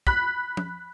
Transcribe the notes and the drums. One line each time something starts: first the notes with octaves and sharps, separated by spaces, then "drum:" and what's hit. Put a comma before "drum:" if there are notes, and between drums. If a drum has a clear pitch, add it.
B5 F#6 B6, drum: kick
drum: tom F3